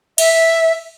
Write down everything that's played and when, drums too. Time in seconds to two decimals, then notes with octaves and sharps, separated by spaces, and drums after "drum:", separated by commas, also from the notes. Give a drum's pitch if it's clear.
0.18 E5, drum: cymbal